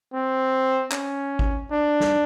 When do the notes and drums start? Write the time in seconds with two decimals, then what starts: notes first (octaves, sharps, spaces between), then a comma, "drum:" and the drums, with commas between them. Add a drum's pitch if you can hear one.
0.14 C4
0.92 C#4, drum: clap
1.39 drum: kick G#1
1.71 D4
2.00 drum: snare